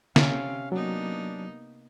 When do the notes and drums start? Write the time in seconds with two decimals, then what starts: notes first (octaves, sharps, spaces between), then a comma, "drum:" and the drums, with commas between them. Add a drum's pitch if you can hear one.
0.16 C3 C#4 F5, drum: snare
0.72 F#3 A#3 B3 D4 D#4